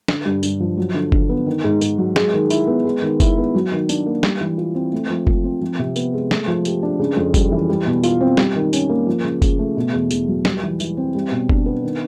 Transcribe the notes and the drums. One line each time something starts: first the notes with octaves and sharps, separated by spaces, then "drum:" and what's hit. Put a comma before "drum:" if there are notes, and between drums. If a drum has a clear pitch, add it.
D3, drum: snare
G2
G2, drum: tambourine
F3
F#3
D3
D3, drum: kick F#1
B3
D#3
G#2
G#2, drum: tambourine
F#3
G#3, drum: snare
D#3
E4, drum: tambourine
B3
G#3
D#3
E4, drum: kick F#1, tambourine
B3
F#3
D#3
D4, drum: tambourine
A#3
G3, drum: snare
E3
F4
C4
A3
F3
F3, drum: kick F#1
C4
F3
C3
B3, drum: tambourine
G#3
A3, drum: snare
F3
G4, drum: tambourine
D4
C#3
F2
G3, drum: kick F#1, tambourine
E3
G3
B2
F4, drum: tambourine
C4
G3, drum: snare
D#3
C#4, drum: tambourine
A#3
F3
C#3
C#3, drum: kick F#1, tambourine
A3
B2
E2
E2, drum: tambourine
F#3
G3, drum: snare
E3
E3, drum: tambourine
C4
G3
B2
D4, drum: kick F#1
B3
D#3